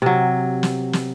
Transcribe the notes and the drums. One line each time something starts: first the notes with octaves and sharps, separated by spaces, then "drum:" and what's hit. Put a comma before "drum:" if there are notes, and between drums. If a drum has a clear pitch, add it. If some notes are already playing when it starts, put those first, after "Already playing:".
C3 F#3
drum: snare
drum: snare